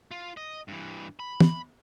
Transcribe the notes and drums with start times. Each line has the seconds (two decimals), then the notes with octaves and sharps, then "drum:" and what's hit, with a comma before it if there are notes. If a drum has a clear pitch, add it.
0.11 F4
0.37 D#5
0.68 G2 E3
1.20 B5
1.40 drum: tom